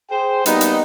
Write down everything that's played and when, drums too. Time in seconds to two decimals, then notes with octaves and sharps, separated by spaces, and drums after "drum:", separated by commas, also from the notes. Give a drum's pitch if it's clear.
0.10 G#4 C5 G5
0.46 G3 A#3 B3 D#4, drum: hi-hat
0.61 drum: hi-hat